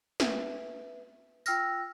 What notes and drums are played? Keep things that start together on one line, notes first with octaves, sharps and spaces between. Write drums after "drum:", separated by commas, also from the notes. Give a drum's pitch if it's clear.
B4 E5, drum: snare
F4 G5 E6 F6 A#6, drum: tambourine